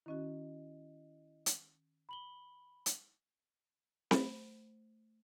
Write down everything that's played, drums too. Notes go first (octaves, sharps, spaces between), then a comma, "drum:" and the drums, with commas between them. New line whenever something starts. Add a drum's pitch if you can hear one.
D#3 C#4 E4 F#4 D#5
drum: hi-hat
B5 F#7 G7
drum: hi-hat
A3 C5 B5, drum: snare C4